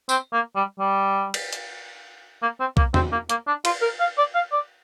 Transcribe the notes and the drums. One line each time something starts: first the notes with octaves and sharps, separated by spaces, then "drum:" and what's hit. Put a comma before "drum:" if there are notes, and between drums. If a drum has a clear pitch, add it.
C4, drum: tambourine
A#3
G3
G3
drum: cymbal
drum: hi-hat
A#3
C4
A#3, drum: kick B1
C4, drum: tom E2
A#3
A#3, drum: hi-hat
D4
F4, drum: cymbal
A#4
F5
D5
F5
D5